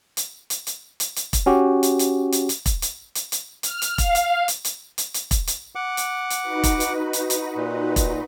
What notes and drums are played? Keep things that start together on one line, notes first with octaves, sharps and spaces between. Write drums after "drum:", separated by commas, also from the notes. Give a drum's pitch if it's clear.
drum: hi-hat
drum: hi-hat
drum: hi-hat
drum: hi-hat
drum: hi-hat
drum: kick E1, hi-hat
C#4 F#4 G4
drum: hi-hat
drum: hi-hat
drum: hi-hat
drum: hi-hat
drum: kick E1, hi-hat
drum: hi-hat
drum: hi-hat
drum: hi-hat
F6, drum: hi-hat
drum: hi-hat
F5, drum: kick E1, hi-hat
drum: hi-hat
drum: hi-hat
drum: hi-hat
drum: hi-hat
drum: hi-hat
drum: kick E1, hi-hat
drum: hi-hat
F#5 D6
drum: hi-hat
drum: hi-hat
D#4 F#4 B4
drum: kick E1, hi-hat
drum: hi-hat
drum: hi-hat
drum: hi-hat
A#2
drum: kick E1, hi-hat